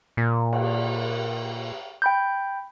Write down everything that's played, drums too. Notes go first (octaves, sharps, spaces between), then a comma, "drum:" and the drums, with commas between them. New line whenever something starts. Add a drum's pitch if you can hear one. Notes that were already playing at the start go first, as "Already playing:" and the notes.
A#2
drum: cymbal
G5 B5 G6